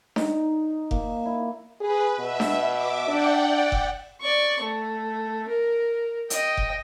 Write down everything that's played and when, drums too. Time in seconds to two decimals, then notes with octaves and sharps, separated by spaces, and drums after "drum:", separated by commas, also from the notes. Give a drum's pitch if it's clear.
0.16 D#4, drum: snare D4
0.91 A#3, drum: kick F1
1.25 E4
1.81 G#4 B4
2.19 B2 E5
2.40 drum: snare D4
2.73 E5 D6
3.08 D4 D5 F#5 G5
3.72 drum: kick F1
4.21 D5 C#6
4.62 A3
5.48 A#4
6.30 D#5 G5, drum: hi-hat
6.57 drum: kick F1